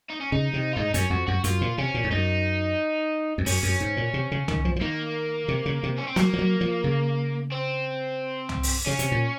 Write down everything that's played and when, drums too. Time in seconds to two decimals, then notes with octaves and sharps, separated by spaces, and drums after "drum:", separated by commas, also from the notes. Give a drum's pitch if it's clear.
0.10 D#4
0.20 C#4
0.32 C#3 D#4
0.54 C3
0.73 F4
0.76 G#2 D#4
0.94 F#2 C#4, drum: hi-hat
1.10 F2 F#4
1.27 F#2 F#4
1.44 F#2 F4, drum: hi-hat
1.61 A#2
1.78 C3 C#4
1.94 A#2
2.04 G#2
2.11 F#2 D#4
3.38 F2
3.46 F#2 C#4, drum: open hi-hat
3.63 F#2
3.81 G#2
3.97 A#2
4.14 C3
4.32 C#3
4.48 D#3, drum: tom C2
4.65 F3
4.76 F3
4.81 D#3 A#3
5.48 C3
5.66 C#3
5.83 C3
5.98 C#4
6.07 C4
6.16 F#3 A#3, drum: snare
6.33 F3
6.39 F#3
6.61 F3
6.84 C#3
7.52 C4
8.49 drum: tom C2
8.63 drum: open hi-hat
8.86 C#3 C#4
8.99 C3, drum: hi-hat
9.12 A#2